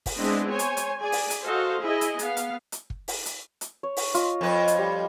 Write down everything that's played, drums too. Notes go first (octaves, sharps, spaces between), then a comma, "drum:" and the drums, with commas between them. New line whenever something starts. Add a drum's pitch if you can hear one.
drum: kick, open hi-hat
G#3 B3 C4 D4 E4 D#5
C5 C#5 G#5
drum: hi-hat
drum: hi-hat
G#4 D5 G#5
drum: open hi-hat
drum: hi-hat
F#4 A4 C5 D#5 F5
E4 G#4 D#5
drum: hi-hat
B3 F5, drum: hi-hat
drum: hi-hat
drum: hi-hat
drum: kick
drum: open hi-hat
drum: hi-hat
drum: hi-hat
C#5
drum: open hi-hat
F4 D#5, drum: hi-hat
F2 B4
drum: hi-hat
G3